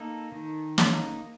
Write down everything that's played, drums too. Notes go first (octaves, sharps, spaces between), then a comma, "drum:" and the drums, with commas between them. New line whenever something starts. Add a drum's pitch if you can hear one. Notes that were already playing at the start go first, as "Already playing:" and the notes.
Already playing: A#3 D#4 A4
D#3
A#3 D#4, drum: snare